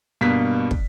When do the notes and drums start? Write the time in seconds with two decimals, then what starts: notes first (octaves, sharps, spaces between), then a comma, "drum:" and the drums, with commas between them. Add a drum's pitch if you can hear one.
0.21 G2 B2 A#3 B6
0.71 drum: kick